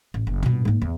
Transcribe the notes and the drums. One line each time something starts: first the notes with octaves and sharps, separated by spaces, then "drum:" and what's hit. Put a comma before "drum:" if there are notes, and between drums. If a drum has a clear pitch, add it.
A1
F#1
G2 B2, drum: tom
G#2 A#3
E2